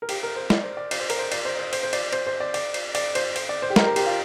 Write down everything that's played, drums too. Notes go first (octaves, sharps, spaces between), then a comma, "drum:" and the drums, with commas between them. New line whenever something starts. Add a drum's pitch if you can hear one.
A#4
G4, drum: cymbal
A#4
C5
D5, drum: snare
C5
D5
D5, drum: cymbal
C5
A#4, drum: cymbal
C5
D5, drum: cymbal
C5
C5
C5, drum: cymbal
C5
D5, drum: cymbal
C5, drum: cymbal
C5
D5
D5, drum: cymbal
drum: cymbal
D5, drum: cymbal
C5, drum: cymbal
C5, drum: cymbal
D5
C5
G4
A#4, drum: snare
A#4
G4, drum: cymbal
F4